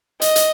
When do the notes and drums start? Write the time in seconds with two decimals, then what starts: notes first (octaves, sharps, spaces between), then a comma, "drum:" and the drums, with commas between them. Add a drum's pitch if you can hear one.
0.22 D#5, drum: hi-hat
0.36 drum: hi-hat